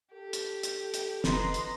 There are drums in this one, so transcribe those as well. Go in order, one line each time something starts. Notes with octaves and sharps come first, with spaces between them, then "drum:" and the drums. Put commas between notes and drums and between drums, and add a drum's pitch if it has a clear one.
G4 A4
drum: hi-hat
drum: hi-hat
drum: hi-hat
F1 B4 D#5 A#5 C6, drum: snare
drum: hi-hat